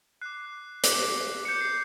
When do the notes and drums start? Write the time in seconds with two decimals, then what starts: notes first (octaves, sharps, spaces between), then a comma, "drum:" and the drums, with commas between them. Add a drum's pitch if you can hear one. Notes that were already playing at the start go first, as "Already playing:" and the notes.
0.21 D6 F#6 C7
0.84 D6 F#6, drum: hi-hat
1.45 D6 G6 C#7
1.61 C7